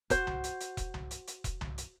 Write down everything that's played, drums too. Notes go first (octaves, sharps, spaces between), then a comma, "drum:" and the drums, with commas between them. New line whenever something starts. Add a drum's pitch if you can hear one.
F#4 C5, drum: kick E1, hi-hat
drum: tom C2
drum: hi-hat
drum: hi-hat
drum: kick E1, hi-hat
drum: tom C2
drum: hi-hat
drum: hi-hat
drum: kick E1, hi-hat
drum: tom C2
drum: hi-hat